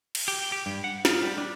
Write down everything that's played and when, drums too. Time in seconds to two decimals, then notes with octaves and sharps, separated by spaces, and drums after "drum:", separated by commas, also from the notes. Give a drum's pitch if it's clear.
0.15 drum: cymbal
0.28 G4
0.52 G4
0.66 G2
0.84 F#5
1.05 F4, drum: snare
1.22 G3
1.38 D4